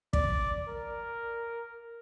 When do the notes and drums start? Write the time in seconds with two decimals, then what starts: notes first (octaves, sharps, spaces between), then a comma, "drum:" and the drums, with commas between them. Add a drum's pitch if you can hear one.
0.13 D5, drum: kick
0.69 A#4